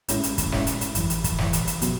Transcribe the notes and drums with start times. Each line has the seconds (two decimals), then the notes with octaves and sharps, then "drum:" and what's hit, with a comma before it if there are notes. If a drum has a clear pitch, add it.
0.08 A1 A2 G#3 C#4 E4, drum: hi-hat
0.23 drum: hi-hat
0.38 drum: kick, hi-hat
0.52 A1 A2 G#3 C#4 E4, drum: snare
0.67 drum: hi-hat
0.81 drum: hi-hat
0.95 G#1 F#2 E3, drum: hi-hat
1.10 drum: hi-hat
1.24 drum: kick, hi-hat
1.38 G#1 F#2 E3, drum: snare
1.53 drum: hi-hat
1.67 drum: hi-hat
1.82 B2 F#3 B3 F#4, drum: hi-hat